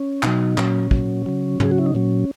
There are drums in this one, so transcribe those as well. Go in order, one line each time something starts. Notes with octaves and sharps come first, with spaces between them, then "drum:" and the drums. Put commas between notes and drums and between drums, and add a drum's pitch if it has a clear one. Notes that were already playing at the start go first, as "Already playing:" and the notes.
Already playing: C#4
B2 F#3 D#4, drum: clap
A#2 F#3 C#4, drum: clap
A#2 F#3, drum: kick
C#3 F#3
C#3 F#3 G#4, drum: tom
F#4
E4
D#4
A#2 F#3 C#4